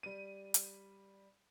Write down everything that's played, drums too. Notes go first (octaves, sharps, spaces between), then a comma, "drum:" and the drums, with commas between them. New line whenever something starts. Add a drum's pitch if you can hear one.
G3 D#7
drum: hi-hat